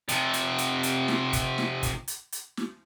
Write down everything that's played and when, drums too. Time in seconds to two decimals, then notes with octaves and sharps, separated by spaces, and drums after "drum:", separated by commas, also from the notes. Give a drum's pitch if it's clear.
0.09 C3 F3, drum: hi-hat
0.33 drum: hi-hat
0.58 drum: hi-hat
0.83 drum: hi-hat
1.08 drum: snare
1.33 drum: kick, hi-hat
1.58 drum: snare
1.83 drum: kick, hi-hat
2.08 drum: hi-hat
2.32 drum: hi-hat
2.57 drum: snare